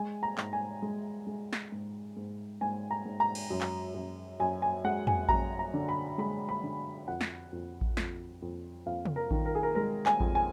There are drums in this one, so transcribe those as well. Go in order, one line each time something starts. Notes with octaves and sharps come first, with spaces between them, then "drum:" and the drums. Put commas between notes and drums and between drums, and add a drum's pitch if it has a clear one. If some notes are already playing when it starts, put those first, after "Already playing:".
Already playing: G#3 G#5
A#5
G#2, drum: clap
G#5
G#3
G#3
drum: snare
G#2
G#2
G#2 G#5
A#5
G#2
A#5
drum: cymbal
F#2
drum: clap
F#2
F#2 G#5
G#5
G#3 F#5
G#5, drum: tom
F#2 A#5, drum: kick A1
A#5
D3
B5
G#3 B5
B5
D3
F2 F#5
drum: snare
F2
drum: kick A1
F2, drum: snare
F2
F2 F5
drum: tom
A#4
D#3, drum: kick A1
A#4
G#4
A#4
G#3 A#4
G#5, drum: clap
F2, drum: kick A1
G#5